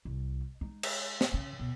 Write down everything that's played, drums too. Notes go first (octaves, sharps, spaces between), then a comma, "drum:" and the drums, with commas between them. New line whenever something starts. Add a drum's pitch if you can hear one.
C2
G#3 D#4
drum: cymbal
drum: snare
C#3
D#2 B2